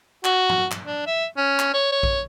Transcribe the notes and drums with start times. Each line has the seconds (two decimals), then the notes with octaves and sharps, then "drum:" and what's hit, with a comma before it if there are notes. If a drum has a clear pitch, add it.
0.24 F#4, drum: clap
0.49 drum: tom G2
0.71 drum: clap
0.85 D4
1.07 E5
1.37 C#4
1.59 drum: clap
1.74 C#5
1.92 C#5
2.03 drum: kick A#1